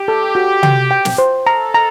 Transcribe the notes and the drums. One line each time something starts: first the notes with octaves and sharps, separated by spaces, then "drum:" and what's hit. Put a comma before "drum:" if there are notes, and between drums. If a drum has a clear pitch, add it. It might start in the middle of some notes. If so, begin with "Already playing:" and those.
Already playing: G4
A4
F#4
G5, drum: tom
G5
drum: snare
C5
A4 A#5
A#5